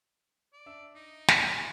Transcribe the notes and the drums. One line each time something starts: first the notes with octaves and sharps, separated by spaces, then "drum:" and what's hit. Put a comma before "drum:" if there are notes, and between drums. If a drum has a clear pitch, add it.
D5
D4 E5 E6
D#4 D#5
drum: snare
D3